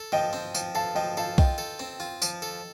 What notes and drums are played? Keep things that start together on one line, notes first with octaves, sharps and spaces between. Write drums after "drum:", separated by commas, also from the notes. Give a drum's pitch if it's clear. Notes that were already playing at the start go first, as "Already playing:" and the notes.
Already playing: A4
F3 D#5 G5
C4
F3, drum: tambourine
A4 F5 A5
F3 D#5 G5
A4 F5 A5
F4 D#5 G5, drum: kick B1
A4
C4
F4
F3, drum: tambourine
A4